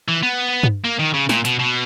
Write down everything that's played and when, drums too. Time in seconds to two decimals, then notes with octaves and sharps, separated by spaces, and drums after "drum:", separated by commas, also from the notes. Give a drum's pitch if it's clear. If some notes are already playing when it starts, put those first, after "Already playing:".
0.08 E3
0.23 B3
0.63 drum: tom G2
0.84 A#3
0.99 D#3
1.14 C#3
1.29 A#2, drum: snare
1.45 B2, drum: hi-hat
1.59 B2